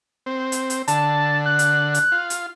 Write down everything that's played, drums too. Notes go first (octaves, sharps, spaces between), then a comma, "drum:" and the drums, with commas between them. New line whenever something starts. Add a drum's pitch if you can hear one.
C4
drum: hi-hat
drum: hi-hat
D3 A5, drum: hi-hat
F#6
drum: hi-hat
drum: hi-hat
F4
drum: hi-hat